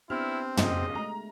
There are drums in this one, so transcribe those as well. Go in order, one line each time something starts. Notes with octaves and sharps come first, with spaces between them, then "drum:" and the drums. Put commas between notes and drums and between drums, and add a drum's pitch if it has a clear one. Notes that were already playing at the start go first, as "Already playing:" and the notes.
B3 C4 D4 E4 G4 F6
B1 A#2 C#3 D#5, drum: tom
G#3 A3 A#5